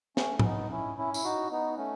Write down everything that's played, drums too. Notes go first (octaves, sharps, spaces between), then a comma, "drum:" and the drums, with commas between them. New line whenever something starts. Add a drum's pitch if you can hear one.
A3 C#4, drum: snare
C#4, drum: tom G#2
B3 D#4
C#4 E4
C#4 E4
E4, drum: tambourine
D#4 F#4
B3 D#4
A3 C#4